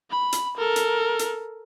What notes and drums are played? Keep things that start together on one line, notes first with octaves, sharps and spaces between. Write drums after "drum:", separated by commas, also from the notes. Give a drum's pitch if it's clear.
B5
drum: hi-hat
A4 A#4
drum: hi-hat
drum: hi-hat